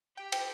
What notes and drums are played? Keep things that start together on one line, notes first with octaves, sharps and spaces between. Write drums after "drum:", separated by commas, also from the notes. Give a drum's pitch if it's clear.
G4 G5
G5, drum: cymbal